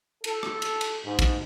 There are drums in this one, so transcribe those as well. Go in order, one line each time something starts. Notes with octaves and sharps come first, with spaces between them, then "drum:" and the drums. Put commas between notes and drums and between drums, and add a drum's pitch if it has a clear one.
A4, drum: cymbal
drum: rim click
drum: cymbal
drum: cymbal
G#2
drum: kick, cymbal